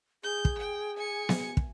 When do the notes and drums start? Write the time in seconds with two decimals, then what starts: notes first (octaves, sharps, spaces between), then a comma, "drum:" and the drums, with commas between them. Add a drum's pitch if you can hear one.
0.24 G#4 G6
0.45 drum: kick
0.59 G5
0.97 G#5 C#7
1.29 drum: snare B3
1.57 drum: kick